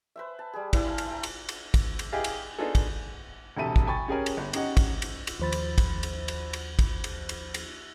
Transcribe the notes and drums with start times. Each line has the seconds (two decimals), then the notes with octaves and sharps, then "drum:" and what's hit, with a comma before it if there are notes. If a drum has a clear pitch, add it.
0.16 B4 C5 E5
0.39 A5
0.53 G3 G#4
0.73 E4 B4 D5 E5 G#5, drum: kick, cymbal
0.85 C5 E5 A5
0.98 drum: cymbal
1.11 G5 A#5
1.23 drum: cymbal
1.49 drum: cymbal
1.74 drum: kick, cymbal
1.99 drum: cymbal
2.12 E4 G4 G#4 D#5 F5
2.24 drum: cymbal
2.58 B3 D4 D#4 F4 G#4 A4
2.75 drum: kick, cymbal
3.57 E1 D2 C3 A4 E5 D#7
3.76 drum: kick
3.87 G5 G#5 B5 C#6 A6
4.08 C#4 G4 G#4 A#4 C#5 G#5
4.26 drum: cymbal
4.37 G1
4.53 C#4 D#4 G4 D#5 F#5, drum: cymbal
4.77 drum: kick, cymbal
5.02 drum: cymbal
5.27 drum: cymbal
5.40 D#2 F3 C5 B5 A6
5.52 drum: cymbal
5.78 drum: kick, cymbal
6.03 drum: cymbal
6.28 drum: cymbal
6.53 drum: cymbal
6.79 drum: kick, cymbal
7.04 drum: cymbal
7.29 drum: cymbal
7.54 drum: cymbal